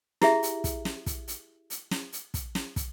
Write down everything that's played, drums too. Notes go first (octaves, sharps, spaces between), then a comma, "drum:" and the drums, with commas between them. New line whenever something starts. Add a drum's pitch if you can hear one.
E4 G4 G#4 E5, drum: snare
drum: hi-hat
drum: kick, hi-hat
drum: snare
drum: kick, hi-hat
drum: hi-hat
drum: hi-hat
drum: snare
drum: hi-hat
drum: kick, hi-hat
drum: snare
drum: kick, hi-hat